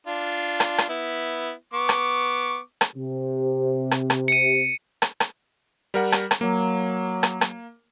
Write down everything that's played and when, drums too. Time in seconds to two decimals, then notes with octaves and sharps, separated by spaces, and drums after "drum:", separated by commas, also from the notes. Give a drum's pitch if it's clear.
0.07 D4 F4
0.60 drum: rim click
0.78 drum: rim click
0.89 B3 E4
1.73 B3 C#6 D6
1.89 drum: rim click
2.81 drum: rim click
2.96 C3
3.91 drum: rim click
4.10 drum: rim click
4.28 C#7 D#7
5.02 drum: rim click
5.20 drum: rim click
5.94 G3 A#4 F#5
6.12 drum: rim click
6.31 drum: rim click
6.41 F#3 A#3
7.23 drum: rim click
7.41 drum: rim click